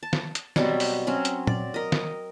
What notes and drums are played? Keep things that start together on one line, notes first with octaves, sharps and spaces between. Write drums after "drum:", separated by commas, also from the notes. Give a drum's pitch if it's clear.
A5
drum: snare
drum: hi-hat
B2 F#3 G3 C4, drum: snare
drum: open hi-hat
F#3 C4 C#4
drum: hi-hat
D5, drum: tom A#2
A#4 D#5
drum: snare